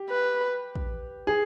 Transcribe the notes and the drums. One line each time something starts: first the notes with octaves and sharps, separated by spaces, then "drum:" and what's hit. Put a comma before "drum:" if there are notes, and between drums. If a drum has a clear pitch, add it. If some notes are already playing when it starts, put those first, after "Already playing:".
Already playing: G4
B4
drum: kick
G#4